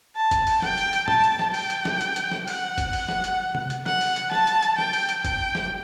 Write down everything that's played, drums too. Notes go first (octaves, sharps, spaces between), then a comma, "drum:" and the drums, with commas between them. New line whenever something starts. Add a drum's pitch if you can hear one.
A5
drum: kick, hi-hat
drum: open hi-hat
G5, drum: snare
drum: hi-hat
drum: hi-hat
A5, drum: tom
drum: hi-hat
drum: snare
G5, drum: open hi-hat
drum: hi-hat
drum: snare
drum: hi-hat
drum: hi-hat
drum: snare
F#5, drum: open hi-hat
drum: kick, hi-hat
drum: open hi-hat
drum: snare
drum: hi-hat
drum: tom C3
drum: hi-hat
F#5, drum: snare
drum: open hi-hat
drum: hi-hat
A5, drum: snare
drum: hi-hat
drum: hi-hat
G5, drum: snare
drum: open hi-hat
drum: hi-hat
G5, drum: kick, hi-hat
drum: snare